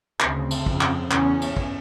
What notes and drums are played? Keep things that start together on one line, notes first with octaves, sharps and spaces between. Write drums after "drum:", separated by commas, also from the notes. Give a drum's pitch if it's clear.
D2 C#3 C4, drum: clap
drum: cymbal
F2 C#3, drum: kick
drum: clap
E2 C#3 C#4, drum: clap
drum: cymbal
drum: kick